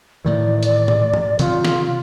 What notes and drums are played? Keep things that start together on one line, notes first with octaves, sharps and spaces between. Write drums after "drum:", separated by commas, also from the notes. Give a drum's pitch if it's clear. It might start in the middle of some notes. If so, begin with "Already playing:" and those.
A2 D#3 E3 D5
drum: hi-hat
drum: tom A#2
drum: tom G#2
C3 D#3 F#3 F4, drum: hi-hat
drum: snare